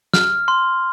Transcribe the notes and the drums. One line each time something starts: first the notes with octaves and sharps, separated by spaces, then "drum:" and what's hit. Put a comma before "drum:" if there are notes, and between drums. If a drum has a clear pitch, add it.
F6, drum: snare
C6